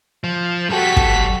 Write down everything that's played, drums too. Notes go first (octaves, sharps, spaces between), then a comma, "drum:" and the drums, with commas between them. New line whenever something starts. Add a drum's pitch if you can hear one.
F3
F#3 F#4 G4 A4 B6
drum: kick